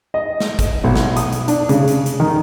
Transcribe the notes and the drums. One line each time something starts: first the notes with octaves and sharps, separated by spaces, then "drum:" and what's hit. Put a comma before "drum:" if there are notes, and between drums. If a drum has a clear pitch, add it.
D#5
drum: snare
drum: kick, hi-hat
B1
drum: snare
D#6, drum: hi-hat
drum: hi-hat
D4, drum: hi-hat
C#3, drum: hi-hat
drum: hi-hat
drum: hi-hat
D#3